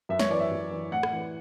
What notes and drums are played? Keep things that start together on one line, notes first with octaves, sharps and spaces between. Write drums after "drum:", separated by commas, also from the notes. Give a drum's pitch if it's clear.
F#2 E5
C#5, drum: snare
E3 D5
E5
F#2
E3
A2 F#5
drum: rim click
E3